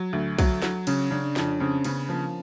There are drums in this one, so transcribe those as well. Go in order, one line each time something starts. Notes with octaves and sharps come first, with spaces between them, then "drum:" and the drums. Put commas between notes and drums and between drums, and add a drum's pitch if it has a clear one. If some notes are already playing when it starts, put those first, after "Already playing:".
Already playing: F#3
D2
F#3, drum: kick, cymbal
F#3, drum: snare
C#3 C#4, drum: cymbal
C#3 D4
F2 C#4, drum: snare
C#3 C4
C#3 B3, drum: cymbal
F3 A#3